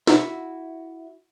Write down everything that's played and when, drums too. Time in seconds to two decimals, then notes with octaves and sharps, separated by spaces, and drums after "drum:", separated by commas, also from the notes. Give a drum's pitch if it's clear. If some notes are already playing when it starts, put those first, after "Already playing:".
0.07 E4 F#4 E5, drum: snare